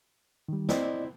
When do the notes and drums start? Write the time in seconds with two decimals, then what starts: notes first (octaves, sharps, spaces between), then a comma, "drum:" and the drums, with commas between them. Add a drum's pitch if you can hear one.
0.48 D#3 G3
0.69 C4 E4 D5 D#5, drum: snare